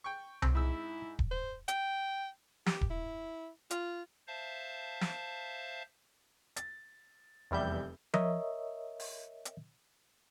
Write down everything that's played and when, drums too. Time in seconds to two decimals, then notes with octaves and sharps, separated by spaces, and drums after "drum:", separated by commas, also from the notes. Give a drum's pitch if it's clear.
0.04 G5 C#6
0.42 C4, drum: tom C2
0.55 G#2 E4 E6
1.19 drum: kick D#1
1.31 C5
1.68 G5, drum: hi-hat
2.66 G4, drum: snare
2.81 drum: kick D#1
2.90 E4
3.71 F4, drum: hi-hat
4.27 C5 E5 F5 A5
5.01 drum: snare
6.56 A6, drum: hi-hat
7.51 F1 E2 G3 E5 G6
8.14 A#4 C#5 D#5 E5, drum: tom F3
9.00 drum: open hi-hat
9.45 drum: hi-hat